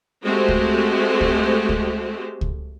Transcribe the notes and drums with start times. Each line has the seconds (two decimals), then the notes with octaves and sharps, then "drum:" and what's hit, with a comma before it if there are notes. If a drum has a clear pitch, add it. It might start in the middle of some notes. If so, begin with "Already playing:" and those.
0.24 G#3 A3 C4 F#4 G4 C5
0.49 drum: kick C#2
1.21 drum: kick C#2
1.69 drum: kick C#2
2.41 drum: kick C#2